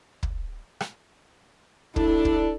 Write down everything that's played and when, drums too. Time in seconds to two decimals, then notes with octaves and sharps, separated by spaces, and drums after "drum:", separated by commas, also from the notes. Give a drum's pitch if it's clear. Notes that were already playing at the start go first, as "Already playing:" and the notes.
0.23 drum: kick
0.80 drum: rim click
1.96 D4 E4 A4, drum: kick
2.25 drum: kick